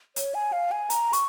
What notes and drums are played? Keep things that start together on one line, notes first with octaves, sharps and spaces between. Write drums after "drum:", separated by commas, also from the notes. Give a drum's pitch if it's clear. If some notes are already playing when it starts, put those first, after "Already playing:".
C#5, drum: hi-hat
G#5
F5
G#5
A#5, drum: hi-hat
C#6, drum: hi-hat